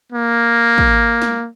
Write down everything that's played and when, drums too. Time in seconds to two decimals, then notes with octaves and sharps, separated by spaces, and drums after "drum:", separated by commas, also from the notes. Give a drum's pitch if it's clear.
0.12 A#3
0.78 drum: kick
1.22 drum: snare